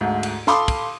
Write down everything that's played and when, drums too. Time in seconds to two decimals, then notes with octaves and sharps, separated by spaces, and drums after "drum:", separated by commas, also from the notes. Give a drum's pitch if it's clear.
0.01 D2 G#2
0.23 drum: cymbal
0.47 A4 F5 B5 C6 D6 D#6, drum: snare
0.68 drum: kick, cymbal